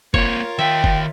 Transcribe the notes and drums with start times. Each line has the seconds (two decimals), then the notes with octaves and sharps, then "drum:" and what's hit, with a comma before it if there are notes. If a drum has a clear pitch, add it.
0.14 A#3 C4 F4 A#4 C#5, drum: kick
0.59 D#3 E5 F5 G5
0.84 drum: kick